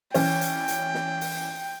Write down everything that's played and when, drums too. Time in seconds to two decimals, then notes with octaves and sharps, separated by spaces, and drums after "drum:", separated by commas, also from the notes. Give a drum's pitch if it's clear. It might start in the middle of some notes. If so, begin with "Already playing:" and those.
0.14 E3 C#4 G5, drum: open hi-hat
0.41 drum: hi-hat
0.68 drum: hi-hat
0.94 drum: snare
1.21 drum: open hi-hat